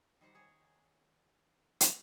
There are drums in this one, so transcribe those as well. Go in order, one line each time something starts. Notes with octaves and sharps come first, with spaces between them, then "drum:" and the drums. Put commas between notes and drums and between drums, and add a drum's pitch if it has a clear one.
D#3 G3 C5 F#5
G#4 C#5
drum: hi-hat